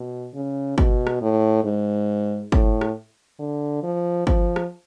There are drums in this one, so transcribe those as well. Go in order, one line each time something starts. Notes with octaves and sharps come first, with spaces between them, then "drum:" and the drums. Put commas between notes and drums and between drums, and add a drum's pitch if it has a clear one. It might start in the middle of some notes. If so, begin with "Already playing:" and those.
Already playing: B2
C#3
B2, drum: kick
drum: rim click
A2
G#2
A2, drum: kick
drum: rim click
D3
F3
F3, drum: kick
drum: rim click